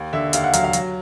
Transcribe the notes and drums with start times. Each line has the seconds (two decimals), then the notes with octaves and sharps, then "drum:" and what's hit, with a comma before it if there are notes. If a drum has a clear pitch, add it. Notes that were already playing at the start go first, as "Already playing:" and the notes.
Already playing: D#2
0.13 D3 E5
0.33 D#2 F5, drum: hi-hat
0.44 F#5
0.53 F#3 F5, drum: hi-hat
0.64 F5
0.73 F#3, drum: hi-hat